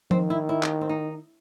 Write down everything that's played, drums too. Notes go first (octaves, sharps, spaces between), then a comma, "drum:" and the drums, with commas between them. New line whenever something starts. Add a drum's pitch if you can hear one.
D#3 C4, drum: tom F3
E4
E4
drum: clap
C4
D#4